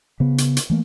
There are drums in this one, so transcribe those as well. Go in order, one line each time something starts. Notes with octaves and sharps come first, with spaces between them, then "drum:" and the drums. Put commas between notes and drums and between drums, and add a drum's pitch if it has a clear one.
C#3 B3
drum: hi-hat
drum: hi-hat
E3 A3 A#3